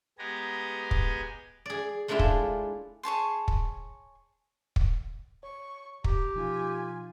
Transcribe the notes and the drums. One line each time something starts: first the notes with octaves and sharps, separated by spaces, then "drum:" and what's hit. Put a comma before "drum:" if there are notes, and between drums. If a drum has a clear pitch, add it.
G#3 B3 G4 G#5 A#5
drum: kick
G#4 D5
G#3 A3 D4 E4 F4
drum: kick
G#4 C#5 A5 C6
drum: kick
drum: kick
C#5 C#6
C3 G4 A#5, drum: kick
B2 F3 D#4 F4 G#5